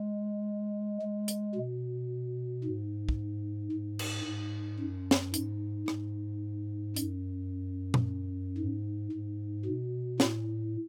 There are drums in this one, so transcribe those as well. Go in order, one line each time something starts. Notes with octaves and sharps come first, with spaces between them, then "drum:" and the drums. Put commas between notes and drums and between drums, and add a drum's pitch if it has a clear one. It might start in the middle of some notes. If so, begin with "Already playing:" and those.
Already playing: G#3
G#3
drum: hi-hat
B2
G#2
drum: kick
G#2
drum: cymbal
G#2
F#2
drum: snare
G#2, drum: hi-hat
G#2, drum: rim click
F#2, drum: hi-hat
drum: tom A#2
G#2
G#2
B2
A2, drum: snare